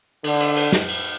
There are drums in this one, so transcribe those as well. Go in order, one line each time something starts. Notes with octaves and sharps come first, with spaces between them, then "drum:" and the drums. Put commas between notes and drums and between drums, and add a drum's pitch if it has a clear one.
D3, drum: cymbal
drum: cymbal
drum: cymbal
drum: snare
drum: cymbal